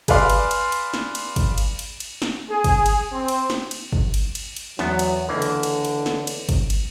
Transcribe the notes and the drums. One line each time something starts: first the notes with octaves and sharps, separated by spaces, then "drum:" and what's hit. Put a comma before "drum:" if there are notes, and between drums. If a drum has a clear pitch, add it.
G#4 B4 D5 F5 C6, drum: kick, cymbal
drum: cymbal
drum: cymbal
drum: cymbal
drum: snare
drum: cymbal
drum: kick, cymbal
drum: cymbal
drum: cymbal
drum: cymbal
drum: snare
G#4
drum: kick, cymbal
drum: cymbal
C4
drum: cymbal
drum: snare
drum: cymbal
drum: kick
drum: cymbal
drum: cymbal
drum: cymbal
E2 F#3 B3, drum: snare
drum: cymbal
C#2 D3 E3 A#3
drum: cymbal
drum: cymbal
drum: cymbal
drum: snare
drum: cymbal
drum: kick, cymbal
drum: cymbal